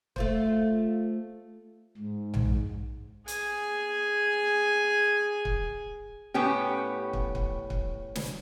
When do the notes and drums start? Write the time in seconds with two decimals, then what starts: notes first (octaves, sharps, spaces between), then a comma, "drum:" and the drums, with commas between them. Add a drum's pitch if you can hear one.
0.16 A3 F4 C5, drum: kick
1.97 G#2
2.34 drum: tom A#1
3.28 G#4 G#5, drum: hi-hat
5.45 drum: kick
6.34 A2 B3 C#4 G4
7.13 drum: kick
7.35 drum: kick
7.70 drum: kick
8.15 drum: snare